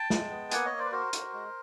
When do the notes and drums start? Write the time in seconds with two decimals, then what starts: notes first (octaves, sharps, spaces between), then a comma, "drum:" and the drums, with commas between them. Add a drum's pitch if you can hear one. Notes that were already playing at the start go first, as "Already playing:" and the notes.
Already playing: G5 A5
0.10 G#3, drum: snare
0.30 B3
0.51 A#3 F#5 G#5, drum: hi-hat
0.65 C#5 D#5
0.71 A#3
0.79 C5 D5
0.85 B4
0.92 F#4 A#4 C5
1.13 F#4, drum: hi-hat
1.33 G#3